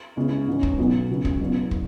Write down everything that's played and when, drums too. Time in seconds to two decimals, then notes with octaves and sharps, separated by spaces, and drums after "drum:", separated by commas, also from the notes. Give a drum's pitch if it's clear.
0.16 C#2 C#3 G#3 E4
0.47 G#2 E3 C#4
0.63 drum: kick
0.78 B1 B2 F#3 B3
1.09 C#2 C#3 F#3
1.25 drum: kick
1.41 F#1 E2 B2
1.71 drum: kick